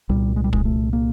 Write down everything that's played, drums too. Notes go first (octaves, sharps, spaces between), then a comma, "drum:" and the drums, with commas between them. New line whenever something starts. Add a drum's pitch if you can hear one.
C2 A#2 G3
G#3
G3
G#3, drum: kick
A3
A#3